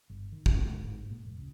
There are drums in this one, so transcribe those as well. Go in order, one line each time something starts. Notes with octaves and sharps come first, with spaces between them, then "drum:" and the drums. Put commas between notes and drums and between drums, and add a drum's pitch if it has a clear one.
G1
D#3
D2, drum: kick
G#2
G#2
A#2
F1
C#2